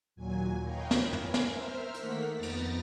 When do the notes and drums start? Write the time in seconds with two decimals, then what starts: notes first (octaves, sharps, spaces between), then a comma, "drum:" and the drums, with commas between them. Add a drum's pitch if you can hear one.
0.16 D#2 A#2 F#3 G#5
0.62 A#4 B4 C#5 D#5 F5 G5
0.91 drum: snare
1.13 B4 G#5, drum: tom
1.34 drum: snare
1.47 A#4 C5 E5 F6
1.94 D#3 A3 A#3 F#5 B6, drum: hi-hat
2.34 F2 B3 A#5 A6 A#6
2.43 drum: cymbal